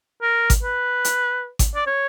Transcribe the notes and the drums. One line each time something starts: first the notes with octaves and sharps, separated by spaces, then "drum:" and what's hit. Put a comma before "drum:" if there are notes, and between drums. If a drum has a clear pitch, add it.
A#4
drum: kick G#1, hi-hat
B4
drum: hi-hat
drum: kick G#1, hi-hat
D5
C#5